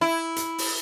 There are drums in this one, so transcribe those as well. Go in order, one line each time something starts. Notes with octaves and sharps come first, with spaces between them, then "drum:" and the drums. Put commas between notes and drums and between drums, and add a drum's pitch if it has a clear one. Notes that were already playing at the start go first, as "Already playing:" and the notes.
E4
drum: hi-hat
drum: open hi-hat